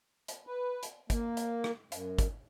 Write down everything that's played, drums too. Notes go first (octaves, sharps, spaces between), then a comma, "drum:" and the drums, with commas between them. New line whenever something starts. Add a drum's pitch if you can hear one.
drum: hi-hat
B4
drum: hi-hat
A#3, drum: kick, hi-hat
drum: hi-hat
drum: rim click
F#2, drum: hi-hat
drum: kick, hi-hat